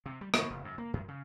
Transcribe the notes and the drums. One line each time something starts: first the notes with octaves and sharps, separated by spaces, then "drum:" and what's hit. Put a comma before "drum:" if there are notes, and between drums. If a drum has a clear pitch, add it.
C3
G3
B2, drum: rim click
F1
F#2
A#3
F#2
C#3